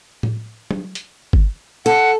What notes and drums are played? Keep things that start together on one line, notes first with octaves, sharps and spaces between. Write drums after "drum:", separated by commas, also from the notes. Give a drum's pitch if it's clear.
drum: tom A2
drum: tom
drum: hi-hat
drum: kick G1
A4 F#5